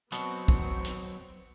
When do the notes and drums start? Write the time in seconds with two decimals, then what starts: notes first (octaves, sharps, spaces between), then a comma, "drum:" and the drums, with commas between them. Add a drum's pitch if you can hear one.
0.12 B2 F#3 B3 C4 C#6, drum: hi-hat
0.48 drum: kick
0.85 drum: hi-hat